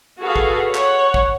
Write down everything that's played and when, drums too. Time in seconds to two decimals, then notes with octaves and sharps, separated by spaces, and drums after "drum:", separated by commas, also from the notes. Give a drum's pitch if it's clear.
0.20 F#4 G#4 A4 B4 F5
0.36 drum: kick
0.75 C#5 F#5, drum: clap
1.14 drum: kick